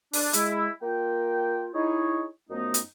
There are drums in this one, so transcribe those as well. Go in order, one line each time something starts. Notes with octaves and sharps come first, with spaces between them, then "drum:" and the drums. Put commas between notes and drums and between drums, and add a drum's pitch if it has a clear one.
D4, drum: open hi-hat
G#3 E4, drum: hi-hat
A#3 F4 G5
D#4 E4 G#4 C#5
F#2 F3 A3 B3 D#4
drum: hi-hat